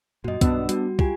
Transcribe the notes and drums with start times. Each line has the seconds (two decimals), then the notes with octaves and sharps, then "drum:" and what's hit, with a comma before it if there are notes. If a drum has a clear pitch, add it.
0.24 F#2 A#2 F#4 D#5
0.41 B1 G2 B3 D4 E6, drum: kick, hi-hat
0.69 G3 F#4, drum: hi-hat
0.99 F4 G4 G#5, drum: kick